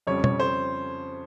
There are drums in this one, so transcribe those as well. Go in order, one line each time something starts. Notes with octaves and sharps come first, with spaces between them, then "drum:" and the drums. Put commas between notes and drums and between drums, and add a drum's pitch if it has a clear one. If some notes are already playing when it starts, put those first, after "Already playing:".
F2 C#3 G3 C#5
C#5, drum: tom
C5